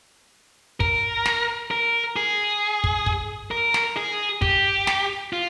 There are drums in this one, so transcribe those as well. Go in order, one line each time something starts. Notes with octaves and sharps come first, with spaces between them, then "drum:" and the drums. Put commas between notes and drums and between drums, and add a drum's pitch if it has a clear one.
A#4, drum: kick
drum: snare
A#4
G#4
drum: kick
drum: kick
A#4
drum: snare
G#4
G4, drum: kick
drum: snare
F4